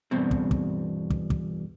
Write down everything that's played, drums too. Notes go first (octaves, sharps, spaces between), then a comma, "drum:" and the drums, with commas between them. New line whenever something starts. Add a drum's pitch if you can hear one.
E2 G2 B2 C4
drum: kick
drum: kick
drum: kick
drum: kick